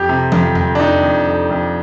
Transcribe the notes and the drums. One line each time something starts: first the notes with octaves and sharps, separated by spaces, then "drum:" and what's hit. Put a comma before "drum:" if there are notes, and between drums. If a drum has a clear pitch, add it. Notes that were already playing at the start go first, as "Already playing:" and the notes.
Already playing: F2 G4
C3
F2, drum: tom E3
F2, drum: tom E2
D4
F2 D#4
F2
F2
F2